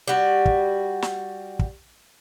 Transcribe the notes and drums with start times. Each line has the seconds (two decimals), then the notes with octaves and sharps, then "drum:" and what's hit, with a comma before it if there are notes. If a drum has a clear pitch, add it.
0.08 G3 F#4
0.46 drum: kick
1.02 drum: snare
1.59 drum: kick